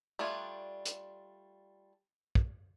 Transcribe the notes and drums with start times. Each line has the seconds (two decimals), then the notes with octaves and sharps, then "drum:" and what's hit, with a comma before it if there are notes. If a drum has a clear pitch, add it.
0.19 G3 A3 D4 F4 G#4
0.86 drum: hi-hat
2.35 drum: kick